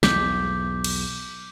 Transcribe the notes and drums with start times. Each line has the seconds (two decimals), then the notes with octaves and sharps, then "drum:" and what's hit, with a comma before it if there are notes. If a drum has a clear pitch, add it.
0.03 B1 E2 D6 G6 B6, drum: snare
0.84 drum: cymbal